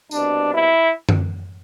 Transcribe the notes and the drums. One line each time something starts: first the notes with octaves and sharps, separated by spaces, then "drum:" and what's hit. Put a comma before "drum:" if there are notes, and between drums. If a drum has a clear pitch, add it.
C2 B2 D4, drum: tambourine
E4
drum: tom F#2